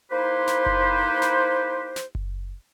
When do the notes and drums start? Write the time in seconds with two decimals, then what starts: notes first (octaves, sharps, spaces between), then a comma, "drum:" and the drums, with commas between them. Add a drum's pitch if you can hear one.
0.11 A#3 D#4 E4 G4 B4 C5
0.48 drum: snare
0.66 drum: kick F#1
1.22 drum: snare
1.96 drum: snare
2.15 drum: kick F#1